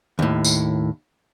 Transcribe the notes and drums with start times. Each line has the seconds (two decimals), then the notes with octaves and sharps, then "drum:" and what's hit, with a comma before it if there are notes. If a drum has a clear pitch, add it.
0.19 D#2 A2
0.45 drum: tambourine